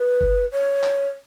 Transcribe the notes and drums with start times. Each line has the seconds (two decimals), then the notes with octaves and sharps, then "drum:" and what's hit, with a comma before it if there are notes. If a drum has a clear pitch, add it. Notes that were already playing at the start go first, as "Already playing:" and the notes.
Already playing: B4
0.21 drum: kick F#1
0.52 C#5
0.83 drum: clap